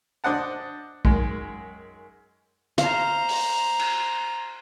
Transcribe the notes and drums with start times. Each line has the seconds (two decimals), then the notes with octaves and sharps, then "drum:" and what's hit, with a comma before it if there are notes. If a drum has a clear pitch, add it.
0.24 D4 C5 D#5 F#5 A5
1.05 F#2 D#3 G#3, drum: kick
2.78 C5 F5 A#5, drum: hi-hat
3.29 drum: open hi-hat
3.79 drum: cymbal